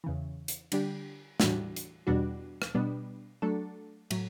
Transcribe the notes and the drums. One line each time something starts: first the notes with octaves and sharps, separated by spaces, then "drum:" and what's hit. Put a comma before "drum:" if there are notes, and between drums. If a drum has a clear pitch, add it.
E2 C#3 E3
drum: hi-hat
D3 G3 D4 G4, drum: cymbal
A2 E3 G3 D4 F#4, drum: snare
drum: hi-hat
E2 B2 G3 D4 F#4
drum: rim click
B2 G3 B3 D4
F#3 A3 D4 A4
A2 F#3, drum: cymbal